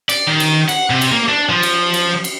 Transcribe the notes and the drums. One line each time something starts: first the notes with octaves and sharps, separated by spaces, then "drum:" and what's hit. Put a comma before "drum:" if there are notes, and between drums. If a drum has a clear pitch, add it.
D5, drum: cymbal
D#3
drum: cymbal
F#5, drum: cymbal
C3
drum: cymbal
A#3
D4
F3
drum: cymbal
drum: cymbal
drum: cymbal